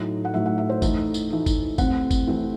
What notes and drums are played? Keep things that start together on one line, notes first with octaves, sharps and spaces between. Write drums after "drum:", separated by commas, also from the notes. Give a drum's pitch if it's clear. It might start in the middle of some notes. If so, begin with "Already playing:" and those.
Already playing: A2 F#3 A3 D#4
F#5
A2 F#3 A3 D#4 E5
F#5
E5
C5
E3 A3 D#4 E5, drum: kick G#1, tambourine
drum: tambourine
E3 A3 D#4
drum: kick G#1, tambourine
C3 E3 A3 C4 F#5, drum: kick G#1, tambourine
drum: kick G#1, tambourine
C3 E3 A3 C4